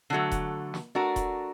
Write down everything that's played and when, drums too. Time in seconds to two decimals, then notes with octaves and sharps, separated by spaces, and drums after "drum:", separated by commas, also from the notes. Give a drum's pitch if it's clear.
0.10 D3 F#3 A3
0.31 drum: kick E1, hi-hat
0.74 drum: snare
0.95 A3 D4 F#4 A#4
1.16 drum: kick E1, hi-hat